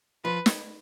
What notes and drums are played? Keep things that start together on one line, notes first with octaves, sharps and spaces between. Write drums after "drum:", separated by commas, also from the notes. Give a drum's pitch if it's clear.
F3 B4
drum: snare